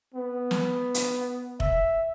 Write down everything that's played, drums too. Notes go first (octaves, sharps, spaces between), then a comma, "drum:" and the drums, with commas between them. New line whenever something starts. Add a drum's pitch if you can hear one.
B3
drum: snare
drum: hi-hat
E5, drum: kick F1